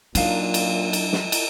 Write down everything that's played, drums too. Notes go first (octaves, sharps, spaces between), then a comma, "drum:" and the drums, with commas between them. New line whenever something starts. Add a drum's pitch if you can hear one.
A#2 F#3 D4 D#4 F5, drum: cymbal
drum: cymbal
drum: cymbal
drum: snare
drum: cymbal